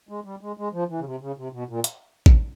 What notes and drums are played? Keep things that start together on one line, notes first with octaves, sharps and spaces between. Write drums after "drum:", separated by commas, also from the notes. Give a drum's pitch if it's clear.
G#3
G3
G#3
G#3
F3
E3
C#3
C3
C#3
C3
B2
A#2
drum: hi-hat
drum: kick A1